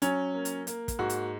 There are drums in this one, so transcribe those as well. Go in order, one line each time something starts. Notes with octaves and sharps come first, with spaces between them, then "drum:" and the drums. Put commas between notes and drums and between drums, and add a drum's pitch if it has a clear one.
F#3 C#4, drum: hi-hat
A#3
drum: hi-hat
A#3, drum: hi-hat
drum: kick, hi-hat
G#2 F#4
drum: hi-hat